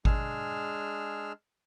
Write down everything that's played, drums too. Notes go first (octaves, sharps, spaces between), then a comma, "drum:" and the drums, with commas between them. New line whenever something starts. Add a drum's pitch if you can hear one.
G#3 D4 G#4 E6 F6, drum: kick G#1